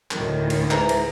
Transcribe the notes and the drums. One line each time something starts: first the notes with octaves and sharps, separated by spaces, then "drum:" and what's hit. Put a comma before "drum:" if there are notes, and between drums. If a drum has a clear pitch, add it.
D2 A2 D#3 A#4, drum: clap
drum: cymbal
G#2 E3 A#5, drum: clap
drum: cymbal